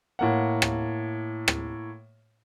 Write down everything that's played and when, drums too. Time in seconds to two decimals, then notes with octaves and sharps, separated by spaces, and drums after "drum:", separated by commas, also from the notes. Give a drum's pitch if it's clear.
0.19 A2 A#3 F#5
0.62 drum: rim click
1.48 drum: rim click